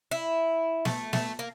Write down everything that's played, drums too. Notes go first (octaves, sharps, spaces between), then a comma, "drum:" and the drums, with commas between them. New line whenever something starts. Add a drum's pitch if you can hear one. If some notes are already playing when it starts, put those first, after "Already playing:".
E4
A3, drum: snare
A3, drum: snare
A#3